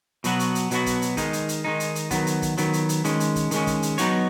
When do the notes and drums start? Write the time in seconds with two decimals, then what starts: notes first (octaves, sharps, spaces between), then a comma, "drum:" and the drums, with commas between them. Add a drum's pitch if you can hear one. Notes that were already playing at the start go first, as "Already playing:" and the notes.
0.24 B2 F#3 B3 F#4, drum: hi-hat
0.40 drum: hi-hat
0.55 drum: hi-hat
0.71 B2 F#3 B3 F#4, drum: hi-hat
0.86 drum: kick, hi-hat
1.02 drum: hi-hat
1.17 D#3 G#3 D#4, drum: kick, hi-hat
1.33 drum: hi-hat
1.49 drum: hi-hat
1.64 D#3 G#3 D#4
1.80 drum: hi-hat
1.95 drum: hi-hat
2.11 D#3 F#3 B3, drum: kick, hi-hat
2.27 drum: hi-hat
2.42 drum: kick, hi-hat
2.58 D#3 F#3 B3, drum: hi-hat
2.73 drum: hi-hat
2.89 drum: hi-hat
3.05 D#3 G#3 C#4, drum: hi-hat
3.20 drum: hi-hat
3.36 drum: kick, hi-hat
3.51 D#3 G#3 C#4, drum: hi-hat
3.67 drum: kick, hi-hat
3.83 drum: hi-hat
3.98 F#3 B3 D#4 F#4 C#5, drum: hi-hat